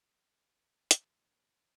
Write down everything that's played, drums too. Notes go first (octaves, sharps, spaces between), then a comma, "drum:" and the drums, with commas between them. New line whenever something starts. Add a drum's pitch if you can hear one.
B1 E2 A2 A#3 D4 C6, drum: hi-hat